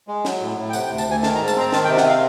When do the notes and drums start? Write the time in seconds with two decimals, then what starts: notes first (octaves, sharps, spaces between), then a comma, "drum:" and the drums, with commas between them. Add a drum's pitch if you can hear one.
0.08 G#3
0.25 F#3, drum: snare
0.41 A2
0.57 A2
0.70 G5
0.73 C3 F#5, drum: tambourine
0.86 G5
0.90 D2
0.98 A5, drum: tambourine
1.07 D2 G#5
1.23 D#3 A5, drum: snare
1.35 A#5
1.40 G#2
1.48 A5, drum: tambourine
1.56 C4 A#5
1.73 D#3 A5, drum: snare
1.85 G5
1.89 C3
1.97 F#5, drum: snare
2.05 C4 F5